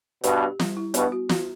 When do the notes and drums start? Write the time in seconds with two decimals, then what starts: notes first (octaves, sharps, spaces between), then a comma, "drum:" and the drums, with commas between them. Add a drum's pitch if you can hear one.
0.24 G2 B2 G4, drum: hi-hat
0.41 G4
0.60 G3, drum: snare
0.77 E4
0.94 G2 B2 B3, drum: hi-hat
1.12 F#4
1.29 F#4, drum: snare